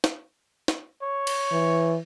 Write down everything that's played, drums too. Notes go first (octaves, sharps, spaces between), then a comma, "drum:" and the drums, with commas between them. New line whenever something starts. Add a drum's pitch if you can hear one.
drum: snare
drum: snare
C#5
drum: cymbal
E3